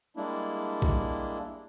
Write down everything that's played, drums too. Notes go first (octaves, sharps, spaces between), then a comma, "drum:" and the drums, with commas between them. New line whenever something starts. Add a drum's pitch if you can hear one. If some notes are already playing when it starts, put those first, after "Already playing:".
G3 G#3 A#3 D4 E4
drum: kick A#1